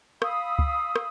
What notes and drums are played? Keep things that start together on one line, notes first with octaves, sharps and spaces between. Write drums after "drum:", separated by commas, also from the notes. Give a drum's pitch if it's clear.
F5 B5 D#6 E6, drum: rim click
drum: kick
drum: rim click